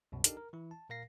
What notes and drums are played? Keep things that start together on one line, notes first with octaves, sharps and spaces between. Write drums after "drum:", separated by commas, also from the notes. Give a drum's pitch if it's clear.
C2 F#2 B2
D4 D#4 G4 A4 A#4, drum: hi-hat
A#4
E3 E4
A5
A#2 A#4 F5 A#6 C7